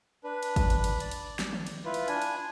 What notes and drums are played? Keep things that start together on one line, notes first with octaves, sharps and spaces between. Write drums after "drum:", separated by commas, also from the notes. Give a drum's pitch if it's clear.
D4 B4
drum: cymbal
drum: kick G#1, cymbal
drum: cymbal
drum: cymbal
D5, drum: cymbal
drum: cymbal
drum: snare
drum: tom
drum: cymbal
E4 F4 B4
drum: cymbal
D4 G#5, drum: cymbal
drum: cymbal